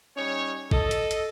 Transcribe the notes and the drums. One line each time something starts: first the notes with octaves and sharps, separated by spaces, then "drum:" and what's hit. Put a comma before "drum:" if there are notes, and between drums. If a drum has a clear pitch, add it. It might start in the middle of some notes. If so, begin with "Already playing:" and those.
G3 C#4 D#4 C#5
A4 D#5, drum: kick A1
drum: hi-hat
drum: hi-hat